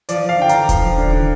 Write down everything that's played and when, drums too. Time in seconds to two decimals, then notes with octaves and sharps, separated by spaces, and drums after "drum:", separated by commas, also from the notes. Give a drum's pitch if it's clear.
0.09 F3 D5, drum: hi-hat
0.24 F3 F5
0.39 D3 G5
0.49 D3 A#5, drum: hi-hat
0.69 F3, drum: kick D#1, hi-hat
0.84 F3
0.98 D3
1.13 D3